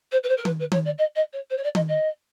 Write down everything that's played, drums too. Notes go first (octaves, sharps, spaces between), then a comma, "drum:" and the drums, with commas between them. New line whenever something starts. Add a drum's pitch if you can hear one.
C5
B4
C5
A#4
B4, drum: tom D#3
B4
C#5, drum: tom D#3
D5
D#5
D#5
C#5
C5
C#5
D5
D#5, drum: tom D#3
D#5